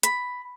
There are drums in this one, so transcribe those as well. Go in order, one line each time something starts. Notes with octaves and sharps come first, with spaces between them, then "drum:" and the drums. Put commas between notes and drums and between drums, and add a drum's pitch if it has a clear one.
B5, drum: hi-hat